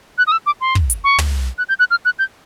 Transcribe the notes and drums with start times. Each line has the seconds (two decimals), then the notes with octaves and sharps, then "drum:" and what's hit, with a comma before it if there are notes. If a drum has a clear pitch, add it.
0.18 F#6
0.27 D#6
0.32 E6
0.46 D6
0.61 C6
0.75 drum: kick
0.90 drum: hi-hat
1.04 C#6
1.18 drum: tom
1.58 F#6
1.69 G6
1.79 F#6
1.91 F6
2.05 F#6
2.19 G6